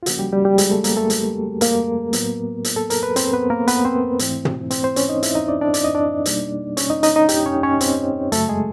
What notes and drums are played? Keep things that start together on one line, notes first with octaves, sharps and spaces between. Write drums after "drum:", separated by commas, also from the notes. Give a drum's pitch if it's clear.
F4
C#3 F3 A#3 C#4 F#4, drum: hi-hat
G3 G4
G3 G4
G3 G4
G#3 G#4, drum: hi-hat
A3 A4
A#3 A#4, drum: hi-hat
A3 A4
drum: hi-hat
A#3 A#4, drum: hi-hat
A2 F#3 B3, drum: hi-hat
drum: hi-hat
A4
A#4, drum: hi-hat
B4
C4 C5, drum: hi-hat
B3 B4
A#3 A#4
B3 B4, drum: hi-hat
C4 C5
G#2 E3 A3 C4 E4, drum: hi-hat
drum: tom
C4 C5, drum: hi-hat
C4 C5
C#4 C#5, drum: hi-hat
D#4 D#5
E4 E5, drum: hi-hat
D#4 D#5
D4 D5
D4 D5
D5, drum: hi-hat
D#5
D4 D5
B2 G3 A#3 D#4, drum: hi-hat
C#4 C#5, drum: hi-hat
D#4 D#5
D#4 D#5, drum: hi-hat
D#4 D#5
G4 G5, drum: hi-hat
C#4 C#5
C#4 C#5
C4 C5, drum: hi-hat
F#2 C#3 F#3 A3 A4, drum: hi-hat
G#3 G#4